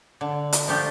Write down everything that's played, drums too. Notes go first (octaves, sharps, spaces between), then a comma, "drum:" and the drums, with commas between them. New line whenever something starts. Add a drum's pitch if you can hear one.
D3
drum: hi-hat
F3 A3 D4 G4